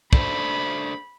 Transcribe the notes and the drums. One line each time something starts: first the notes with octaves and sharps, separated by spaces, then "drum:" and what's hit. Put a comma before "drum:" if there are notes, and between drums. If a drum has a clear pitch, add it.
D4 A4 C5 B5, drum: kick